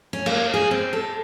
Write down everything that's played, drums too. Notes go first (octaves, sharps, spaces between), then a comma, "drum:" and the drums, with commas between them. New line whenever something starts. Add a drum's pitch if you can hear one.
C#4
A#3, drum: cymbal
G#4
C4
A4